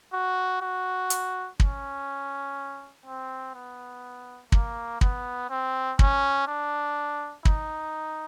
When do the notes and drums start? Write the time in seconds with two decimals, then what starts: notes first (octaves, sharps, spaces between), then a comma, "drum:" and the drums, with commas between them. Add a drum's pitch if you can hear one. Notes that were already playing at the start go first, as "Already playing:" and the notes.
0.13 F#4
0.61 F#4
1.10 drum: hi-hat
1.60 C#4, drum: kick
3.06 C4
3.55 B3
4.52 A#3, drum: kick
5.01 B3, drum: kick
5.50 C4
5.99 C#4, drum: kick
6.47 D4
7.45 D#4, drum: kick